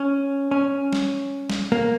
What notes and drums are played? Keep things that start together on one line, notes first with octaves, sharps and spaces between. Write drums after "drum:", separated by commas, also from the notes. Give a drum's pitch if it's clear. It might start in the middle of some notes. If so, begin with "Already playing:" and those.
Already playing: C#4
C#4
drum: snare
drum: snare
A#3